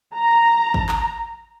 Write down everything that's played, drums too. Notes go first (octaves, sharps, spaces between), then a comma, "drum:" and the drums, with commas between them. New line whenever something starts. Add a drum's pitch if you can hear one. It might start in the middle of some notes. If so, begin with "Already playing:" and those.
A#5
drum: kick
drum: clap